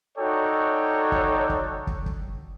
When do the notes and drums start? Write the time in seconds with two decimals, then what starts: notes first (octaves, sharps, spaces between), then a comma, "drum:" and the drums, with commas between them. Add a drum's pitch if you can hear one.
0.18 D#4 F#4 A4 C#5 D5 G5
1.12 drum: kick
1.49 drum: kick
1.87 drum: kick
2.06 drum: kick